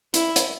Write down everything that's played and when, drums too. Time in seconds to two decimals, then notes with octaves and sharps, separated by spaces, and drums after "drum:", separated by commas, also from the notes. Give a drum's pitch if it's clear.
0.14 E4, drum: hi-hat
0.36 drum: hi-hat